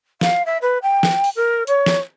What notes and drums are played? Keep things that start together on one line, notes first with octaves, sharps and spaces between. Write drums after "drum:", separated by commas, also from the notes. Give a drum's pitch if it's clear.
F5, drum: snare
E5
B4
G5
drum: snare
drum: open hi-hat
A#4
C#5, drum: hi-hat
drum: snare